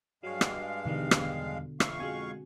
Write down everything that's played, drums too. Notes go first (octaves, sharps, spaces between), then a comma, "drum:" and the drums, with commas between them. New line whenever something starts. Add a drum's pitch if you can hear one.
G2 F#3 G#3 C#5 F5
F#4 D5, drum: rim click
E2 B2 D3 D#3 G3
drum: rim click
F2 E5 F5 C#6, drum: rim click
G#3 C4 F#4 G#5